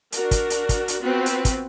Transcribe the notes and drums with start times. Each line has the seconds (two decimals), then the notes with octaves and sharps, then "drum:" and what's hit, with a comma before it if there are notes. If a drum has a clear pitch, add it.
0.12 D4 F#4 A#4, drum: hi-hat
0.31 drum: kick, hi-hat
0.50 drum: hi-hat
0.69 drum: kick, hi-hat
0.88 drum: hi-hat
1.01 B3 C4 F4 F#4 B4
1.26 drum: hi-hat
1.45 drum: kick, hi-hat